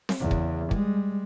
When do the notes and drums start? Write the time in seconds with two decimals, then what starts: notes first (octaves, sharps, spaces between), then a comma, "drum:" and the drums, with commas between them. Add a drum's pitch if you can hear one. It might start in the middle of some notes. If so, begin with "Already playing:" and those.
0.09 drum: snare C4
0.20 E2 C#3
0.31 drum: kick
0.71 G3 G#3, drum: kick